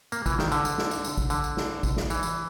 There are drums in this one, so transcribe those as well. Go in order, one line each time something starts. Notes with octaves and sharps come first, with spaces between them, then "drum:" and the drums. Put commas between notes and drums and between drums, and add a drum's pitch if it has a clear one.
A#3, drum: tambourine
E3, drum: kick G#1, tambourine
D#3, drum: snare
D3, drum: tambourine
drum: tambourine
drum: snare
drum: tambourine
drum: tambourine
drum: kick G#1, tambourine
D3, drum: tambourine
drum: tambourine
drum: snare
drum: kick G#1, tambourine
drum: snare
E3, drum: tambourine
drum: tambourine